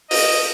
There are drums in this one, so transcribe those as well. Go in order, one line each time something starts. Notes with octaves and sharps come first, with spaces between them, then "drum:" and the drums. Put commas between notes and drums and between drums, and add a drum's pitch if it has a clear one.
D#5, drum: open hi-hat